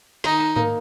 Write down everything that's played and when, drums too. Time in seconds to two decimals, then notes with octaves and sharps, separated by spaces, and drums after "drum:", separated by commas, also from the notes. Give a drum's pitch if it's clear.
0.24 D#3 D#4, drum: snare
0.56 A#3, drum: tom G#2